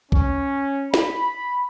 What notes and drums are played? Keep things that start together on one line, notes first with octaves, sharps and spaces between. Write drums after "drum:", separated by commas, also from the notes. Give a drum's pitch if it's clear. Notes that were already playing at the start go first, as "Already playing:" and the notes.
C#4, drum: kick A#1
B5, drum: snare